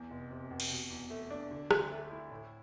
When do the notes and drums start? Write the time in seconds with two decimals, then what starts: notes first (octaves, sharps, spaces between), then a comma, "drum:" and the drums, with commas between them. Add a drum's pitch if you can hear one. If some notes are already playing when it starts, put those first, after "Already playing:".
Already playing: E2
0.10 F1
0.31 C3
0.50 F1
0.60 drum: cymbal
0.70 B2
0.90 E2
1.10 A3
1.31 D4
1.51 D3
1.71 D2, drum: rim click
1.91 A3
2.10 E4
2.31 A2